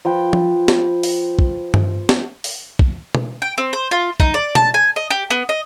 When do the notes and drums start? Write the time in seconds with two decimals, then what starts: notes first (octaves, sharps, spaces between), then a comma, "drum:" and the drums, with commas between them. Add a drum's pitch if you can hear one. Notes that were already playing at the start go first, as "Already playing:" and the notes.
0.05 F3 B4 G5
0.33 drum: tom F3
0.68 drum: snare
1.03 drum: open hi-hat
1.39 drum: kick
1.74 drum: tom G2
2.09 drum: snare
2.44 drum: open hi-hat
2.79 drum: kick
3.15 drum: tom
3.42 G5
3.58 C4
3.73 C5
3.91 F4
4.20 D#4, drum: kick
4.34 D5
4.55 A5, drum: tom
4.74 G#5
4.96 D#5
5.10 G4
5.30 B3
5.49 D#5